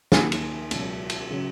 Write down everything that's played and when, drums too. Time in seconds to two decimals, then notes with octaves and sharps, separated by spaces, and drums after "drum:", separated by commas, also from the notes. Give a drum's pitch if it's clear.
0.12 D#2 D#3 A#3 G#5, drum: snare
0.32 drum: cymbal
0.71 C#2 B2 F#3, drum: cymbal
1.10 drum: cymbal
1.31 C#3 F#3